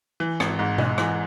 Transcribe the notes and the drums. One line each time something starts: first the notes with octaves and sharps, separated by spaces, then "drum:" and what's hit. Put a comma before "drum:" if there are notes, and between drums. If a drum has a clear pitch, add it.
E3
G#1, drum: rim click
G#2
G#3, drum: tom
E3, drum: rim click